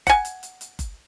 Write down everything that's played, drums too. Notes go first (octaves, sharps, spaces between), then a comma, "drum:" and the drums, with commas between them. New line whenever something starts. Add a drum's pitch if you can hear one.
F#5 G#5, drum: kick F#1, hi-hat
drum: hi-hat
drum: hi-hat
drum: hi-hat
drum: kick F#1, hi-hat